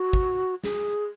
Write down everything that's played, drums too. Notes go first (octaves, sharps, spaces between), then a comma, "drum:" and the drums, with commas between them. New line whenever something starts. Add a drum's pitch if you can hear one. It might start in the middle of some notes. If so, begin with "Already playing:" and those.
Already playing: F#4
drum: kick
G#4, drum: snare